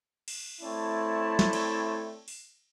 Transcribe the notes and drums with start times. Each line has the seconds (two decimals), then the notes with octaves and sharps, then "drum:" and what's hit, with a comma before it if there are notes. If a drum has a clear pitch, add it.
0.28 drum: cymbal
0.62 A3 C4 E4 C#5 D5 A5
1.39 drum: snare
1.53 drum: cymbal
2.28 drum: open hi-hat